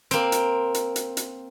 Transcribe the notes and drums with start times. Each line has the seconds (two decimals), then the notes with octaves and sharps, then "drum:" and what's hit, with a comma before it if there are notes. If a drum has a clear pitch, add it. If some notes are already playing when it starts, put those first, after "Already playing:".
0.11 A#3 C4, drum: hi-hat
0.32 drum: hi-hat
0.74 drum: hi-hat
0.96 drum: hi-hat
1.17 drum: hi-hat